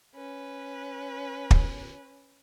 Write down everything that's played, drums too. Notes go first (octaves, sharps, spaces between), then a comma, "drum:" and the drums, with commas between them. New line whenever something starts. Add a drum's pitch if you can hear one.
C#4 B4
drum: kick